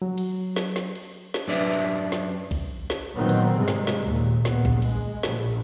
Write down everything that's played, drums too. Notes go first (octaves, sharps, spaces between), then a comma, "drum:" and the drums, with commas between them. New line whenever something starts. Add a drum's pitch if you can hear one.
F#3
drum: cymbal
drum: snare
drum: snare
drum: cymbal
drum: snare
F#2 D4 B4 E5
drum: cymbal
drum: snare
drum: kick A#1, cymbal
drum: snare
A#2 D#3 F#3 B3 C4
drum: cymbal
G#2 C3 G3 G#3
drum: snare
drum: snare
D#2 A#2
A#1 A#2 B3, drum: snare
drum: kick A#1
G#3, drum: cymbal
A#1, drum: snare